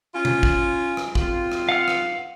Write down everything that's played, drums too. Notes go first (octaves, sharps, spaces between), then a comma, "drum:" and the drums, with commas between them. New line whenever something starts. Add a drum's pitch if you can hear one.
C#4 F4
drum: tom B2
drum: kick
drum: rim click
C4 F4, drum: kick
drum: rim click
F5 F#5 F6
drum: rim click